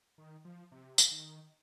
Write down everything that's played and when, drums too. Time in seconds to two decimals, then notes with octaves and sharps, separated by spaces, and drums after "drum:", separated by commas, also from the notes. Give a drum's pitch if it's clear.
0.18 D#3
0.45 F3
0.72 C3
0.98 drum: tambourine
1.11 D#3